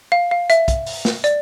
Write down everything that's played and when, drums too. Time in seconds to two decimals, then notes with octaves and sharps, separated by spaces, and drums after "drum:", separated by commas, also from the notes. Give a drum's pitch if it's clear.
0.12 F5
0.31 F5
0.50 E5, drum: hi-hat
0.68 drum: kick, hi-hat
0.86 drum: open hi-hat
1.05 drum: snare
1.24 D5, drum: hi-hat